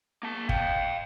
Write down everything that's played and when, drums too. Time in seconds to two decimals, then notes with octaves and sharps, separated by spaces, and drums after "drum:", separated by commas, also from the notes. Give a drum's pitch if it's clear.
0.23 A#3 A5
0.49 F5 G5, drum: kick